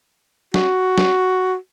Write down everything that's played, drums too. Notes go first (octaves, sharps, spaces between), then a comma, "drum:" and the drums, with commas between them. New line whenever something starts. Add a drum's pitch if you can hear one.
F#4, drum: snare
drum: snare